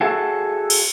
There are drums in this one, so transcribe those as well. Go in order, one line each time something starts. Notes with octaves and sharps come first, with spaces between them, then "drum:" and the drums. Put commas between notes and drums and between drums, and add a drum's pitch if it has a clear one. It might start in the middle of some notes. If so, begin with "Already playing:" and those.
F#4 G#4 A4 C#5 E5
drum: cymbal